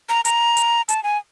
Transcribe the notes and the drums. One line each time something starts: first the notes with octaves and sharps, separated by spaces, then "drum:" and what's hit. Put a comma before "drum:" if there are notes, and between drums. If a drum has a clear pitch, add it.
A#5
A#5, drum: hi-hat
drum: hi-hat
A5, drum: hi-hat
G#5